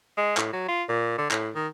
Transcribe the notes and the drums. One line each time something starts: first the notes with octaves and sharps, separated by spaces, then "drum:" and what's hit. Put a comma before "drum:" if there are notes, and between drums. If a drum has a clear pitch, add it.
G#3
A2, drum: clap
F#3
F4
A#2
D3
A2, drum: clap
D#3